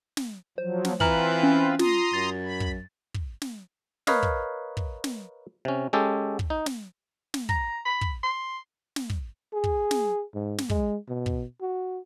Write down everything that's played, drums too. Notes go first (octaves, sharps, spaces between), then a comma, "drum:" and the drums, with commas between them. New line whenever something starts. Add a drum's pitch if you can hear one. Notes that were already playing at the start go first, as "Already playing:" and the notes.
drum: snare
F3 F#3 C5
drum: snare
E3 C4 F4 B4 A#5 F6 F#7, drum: kick
C#4
F4 A#5 C6 D#6, drum: snare
F#2 A6
B5
drum: kick
drum: kick
drum: snare
A#4 B4 C#5 D#5 F5, drum: snare
drum: kick
drum: kick
drum: snare
C3 C#4
G#3 C#4 G4 A4
drum: kick
D#4
drum: snare
drum: snare
A#5, drum: kick
B5
drum: kick
C6
drum: snare
drum: kick
G#4
drum: kick
drum: snare
G#2
drum: snare
G#3, drum: kick
B2
drum: kick
F#4